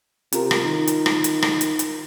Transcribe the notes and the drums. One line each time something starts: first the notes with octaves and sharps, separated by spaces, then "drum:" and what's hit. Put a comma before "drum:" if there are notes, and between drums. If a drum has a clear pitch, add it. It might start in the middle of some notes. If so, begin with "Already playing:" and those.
C3 F4 A#4, drum: hi-hat
drum: rim click
D#3
drum: hi-hat
drum: rim click
drum: hi-hat
drum: rim click
drum: hi-hat
drum: hi-hat